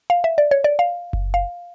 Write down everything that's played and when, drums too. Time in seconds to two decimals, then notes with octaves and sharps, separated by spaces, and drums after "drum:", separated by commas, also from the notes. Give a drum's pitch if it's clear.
0.10 F5
0.24 E5
0.38 D5
0.51 C#5
0.64 D5
0.79 F5
1.13 drum: kick F#1
1.34 F5